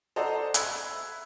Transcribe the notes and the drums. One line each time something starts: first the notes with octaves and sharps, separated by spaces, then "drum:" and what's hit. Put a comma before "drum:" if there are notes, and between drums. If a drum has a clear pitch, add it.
A4 C5 D5 D#5 F#5 A#5
E5 B5 E6 F#6 G#6, drum: hi-hat